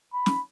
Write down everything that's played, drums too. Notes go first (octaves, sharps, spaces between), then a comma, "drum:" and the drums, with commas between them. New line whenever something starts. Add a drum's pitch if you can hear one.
B5
drum: snare